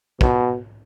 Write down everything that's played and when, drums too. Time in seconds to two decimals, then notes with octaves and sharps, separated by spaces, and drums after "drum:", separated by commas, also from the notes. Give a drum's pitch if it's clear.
0.21 B2, drum: kick